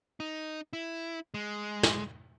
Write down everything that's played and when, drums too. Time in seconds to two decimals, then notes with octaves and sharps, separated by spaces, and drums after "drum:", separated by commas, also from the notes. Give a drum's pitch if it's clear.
0.20 D#4
0.73 E4
1.34 G#3
1.83 drum: snare